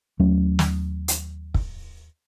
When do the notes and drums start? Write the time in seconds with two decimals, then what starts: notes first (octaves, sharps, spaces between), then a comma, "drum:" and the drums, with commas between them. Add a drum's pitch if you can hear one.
0.19 D#2 F#3 A3 C#4
0.59 drum: snare
1.08 drum: hi-hat
1.54 drum: kick